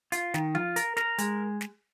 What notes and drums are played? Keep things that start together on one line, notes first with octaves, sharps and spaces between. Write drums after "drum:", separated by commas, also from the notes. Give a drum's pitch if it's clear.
F4, drum: hi-hat
D#3, drum: snare
F4, drum: tom F3
A#4, drum: hi-hat
A#4, drum: snare
G#3, drum: hi-hat
drum: snare